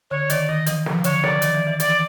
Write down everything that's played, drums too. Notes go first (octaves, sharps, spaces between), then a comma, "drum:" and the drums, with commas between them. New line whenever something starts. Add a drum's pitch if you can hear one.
D3 C#5
D#3 D5, drum: hi-hat
D#3 D#5
E3, drum: hi-hat
F3, drum: snare
D3 C#5, drum: hi-hat
D5, drum: snare
D#3, drum: hi-hat
E3
E3
E3 D5, drum: hi-hat